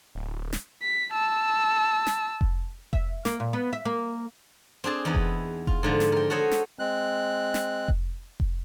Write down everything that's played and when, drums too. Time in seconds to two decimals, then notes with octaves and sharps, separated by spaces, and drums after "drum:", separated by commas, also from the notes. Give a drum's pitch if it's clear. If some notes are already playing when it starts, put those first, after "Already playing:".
0.15 D1
0.53 drum: snare
0.82 B6
1.12 A5 E6
2.07 drum: snare
2.41 drum: kick F1
2.93 E5, drum: kick F1
3.25 A#3, drum: snare
3.40 A#2
3.53 B3
3.73 E5
3.85 A#3
4.84 C4 D4 G#4 A5
5.05 E2 D#4 E4 B4
5.15 drum: kick F1
5.67 F4, drum: kick F1
5.83 G#2 D3 F3
6.00 drum: snare
6.12 A#4 G5
6.30 F#4 A4 C5 C#5 D#5
6.51 drum: snare
6.79 G#3 C4 F#6
7.54 drum: snare
7.88 drum: kick F1
8.40 drum: kick F1